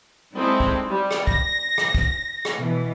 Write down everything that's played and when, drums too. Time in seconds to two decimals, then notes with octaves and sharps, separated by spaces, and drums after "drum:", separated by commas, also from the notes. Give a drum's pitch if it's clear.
0.36 G3 G#3 C4 D#4 E4 A4
0.60 drum: kick
0.88 G3
1.11 drum: rim click
1.27 A#6, drum: kick
1.78 drum: rim click
1.95 drum: kick
2.45 drum: rim click
2.57 B2 E3